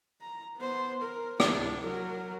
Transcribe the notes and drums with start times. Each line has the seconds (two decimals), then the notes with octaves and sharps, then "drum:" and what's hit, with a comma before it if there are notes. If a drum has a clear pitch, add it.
0.21 A#5
0.57 B3 C5
1.02 A#4
1.40 D4 E4, drum: rim click
1.81 F#3 A#4